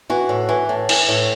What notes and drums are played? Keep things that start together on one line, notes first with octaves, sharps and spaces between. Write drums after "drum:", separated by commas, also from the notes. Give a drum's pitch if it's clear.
E3 F#4
A2
E3
A2
E3, drum: cymbal
A2